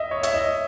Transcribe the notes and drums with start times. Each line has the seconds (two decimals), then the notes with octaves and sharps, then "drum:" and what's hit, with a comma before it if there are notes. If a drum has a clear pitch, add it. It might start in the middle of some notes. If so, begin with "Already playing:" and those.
Already playing: D#5 E5
0.11 C#5
0.23 E5, drum: hi-hat
0.34 D#5